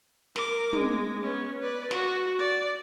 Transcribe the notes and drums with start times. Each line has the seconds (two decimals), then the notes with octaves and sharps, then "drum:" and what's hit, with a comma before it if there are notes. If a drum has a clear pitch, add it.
0.36 A#4 D6, drum: snare
0.73 G#3, drum: tom
1.22 B3 C#4
1.60 B4 D5
1.91 F#4, drum: snare
2.39 D5